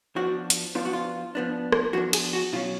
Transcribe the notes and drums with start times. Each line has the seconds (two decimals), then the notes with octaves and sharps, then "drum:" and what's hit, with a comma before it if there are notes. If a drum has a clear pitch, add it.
0.16 F3 B3 D4 F#4
0.50 drum: hi-hat
0.75 F3 B3 D4 F4
0.85 F#4
0.93 F4
1.35 F3 B3 D4
1.72 drum: rim click
1.93 F3 B3 D4 F#4
2.13 G#4, drum: cymbal
2.33 F#4
2.53 B2 F#3 C#4 F4